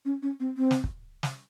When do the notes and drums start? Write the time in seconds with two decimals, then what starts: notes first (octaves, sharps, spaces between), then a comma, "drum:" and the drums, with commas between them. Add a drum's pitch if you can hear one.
0.05 C#4
0.23 C#4
0.40 C4
0.57 C4
0.71 drum: snare
0.84 drum: kick
1.23 drum: snare